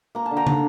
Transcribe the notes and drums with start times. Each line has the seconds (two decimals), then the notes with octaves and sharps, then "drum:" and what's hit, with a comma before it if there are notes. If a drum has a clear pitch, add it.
0.15 A#3 A#5
0.26 A5
0.31 D3
0.37 G5 A#5
0.47 D4, drum: tom